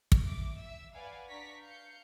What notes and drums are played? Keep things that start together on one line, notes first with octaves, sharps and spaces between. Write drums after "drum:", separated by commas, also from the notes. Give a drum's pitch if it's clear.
drum: kick
E5 D6
E5 E6
B4 D5 F5 F#5 G#5
D4 D5 A#5 C#6 A#6 B6
F5 G6 C#7